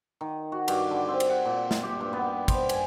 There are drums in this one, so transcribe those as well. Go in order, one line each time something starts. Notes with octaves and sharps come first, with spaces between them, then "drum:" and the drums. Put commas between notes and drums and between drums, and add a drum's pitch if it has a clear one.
D#3
F#4
G2, drum: cymbal
D3
C4
drum: cymbal
F#5
A#2
drum: snare
G4
G2
B3
C5, drum: kick, cymbal
G#5, drum: cymbal